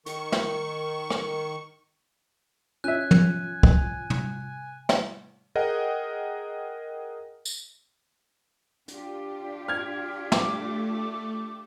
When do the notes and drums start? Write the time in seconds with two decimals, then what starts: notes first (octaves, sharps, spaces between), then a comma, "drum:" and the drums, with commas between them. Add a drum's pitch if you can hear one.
0.06 D#3 C#6, drum: hi-hat
0.32 drum: snare
1.10 drum: rim click
2.84 C#4 F4 E5 G#5 F#6
3.11 drum: tom
3.63 drum: kick
4.10 drum: tom
4.89 drum: snare
5.55 G#4 A#4 D#5 F#5 G5
7.45 drum: tambourine
8.88 D4 F4 G4, drum: hi-hat
9.68 F6 G#6
10.32 A3 D6, drum: snare